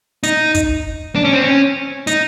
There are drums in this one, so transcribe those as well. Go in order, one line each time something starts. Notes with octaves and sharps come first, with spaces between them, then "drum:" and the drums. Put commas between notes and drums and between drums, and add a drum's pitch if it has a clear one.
D#4, drum: hi-hat
drum: kick, hi-hat
D4
C#4
C4
C#4
D#4, drum: hi-hat